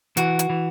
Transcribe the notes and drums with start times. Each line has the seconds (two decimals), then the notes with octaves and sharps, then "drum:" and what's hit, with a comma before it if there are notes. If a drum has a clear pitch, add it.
0.17 E3 F#4, drum: hi-hat
0.39 drum: hi-hat
0.50 E3